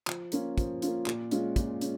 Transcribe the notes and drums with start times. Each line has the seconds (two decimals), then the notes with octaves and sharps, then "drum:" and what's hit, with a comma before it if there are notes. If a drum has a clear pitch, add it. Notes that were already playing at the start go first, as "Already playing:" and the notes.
0.07 F3, drum: clap
0.32 A#3 C#4 F4, drum: hi-hat
0.58 F3, drum: kick, hi-hat
0.82 A#3 C#4 F4, drum: hi-hat
1.06 A#2, drum: clap
1.31 G#3 C#4 F4, drum: hi-hat
1.56 A#2, drum: kick, hi-hat
1.81 G#3 C#4, drum: hi-hat